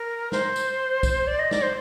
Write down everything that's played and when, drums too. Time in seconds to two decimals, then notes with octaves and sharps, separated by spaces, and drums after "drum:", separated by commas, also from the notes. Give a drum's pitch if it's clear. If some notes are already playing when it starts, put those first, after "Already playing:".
Already playing: A#4
0.32 C5, drum: snare
0.56 drum: tambourine
1.03 drum: kick, tambourine
1.27 D5
1.39 D#5
1.51 D5, drum: snare
1.62 C5